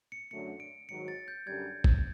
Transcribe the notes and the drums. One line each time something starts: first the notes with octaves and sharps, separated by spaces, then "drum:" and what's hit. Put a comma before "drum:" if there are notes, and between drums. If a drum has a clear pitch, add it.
C#7
F#2 D3 F#3 A3 C#7
D7
G#2 D#3 F#3 C#7
A6
G6
F#2 D3 G3 G#6
drum: kick